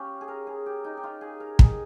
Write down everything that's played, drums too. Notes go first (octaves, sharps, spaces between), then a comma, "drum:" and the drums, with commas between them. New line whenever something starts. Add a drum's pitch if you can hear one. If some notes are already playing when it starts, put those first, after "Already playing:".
Already playing: C#4 F4 G4
G#4
A#4
G#4
G4
D#4
G4
F4
G#4
A#4
G#4, drum: kick